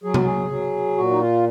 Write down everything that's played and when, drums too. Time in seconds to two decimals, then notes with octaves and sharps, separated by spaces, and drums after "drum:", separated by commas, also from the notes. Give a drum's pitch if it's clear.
0.04 F#3 G#4
0.14 F#4, drum: tom C3
0.24 G#4
0.50 F#3
0.97 A#2 F#4
1.11 D#4
1.20 F4